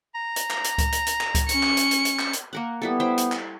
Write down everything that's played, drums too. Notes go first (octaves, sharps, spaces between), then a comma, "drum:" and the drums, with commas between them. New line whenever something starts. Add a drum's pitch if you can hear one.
A#5
drum: hi-hat
drum: clap
drum: hi-hat
drum: kick C#2, hi-hat
drum: hi-hat
drum: hi-hat
drum: clap
drum: kick C#2, hi-hat
C#4 C#7, drum: hi-hat
drum: clap
drum: hi-hat
drum: hi-hat
drum: hi-hat
drum: clap
drum: hi-hat
A#3 A#4 F#5
G3 B3 E4 A4
E4 C5 G5
drum: hi-hat
drum: clap